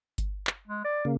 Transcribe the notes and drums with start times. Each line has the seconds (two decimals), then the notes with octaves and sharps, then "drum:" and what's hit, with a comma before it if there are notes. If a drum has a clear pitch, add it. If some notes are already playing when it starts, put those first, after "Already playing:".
0.18 drum: kick G1, hi-hat
0.47 drum: clap
0.67 G#3
0.85 D5
1.05 C#3 A#3